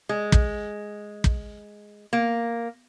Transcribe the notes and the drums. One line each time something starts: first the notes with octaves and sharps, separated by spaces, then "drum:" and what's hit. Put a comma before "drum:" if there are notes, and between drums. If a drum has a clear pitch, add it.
G#3
drum: kick
drum: kick
A#3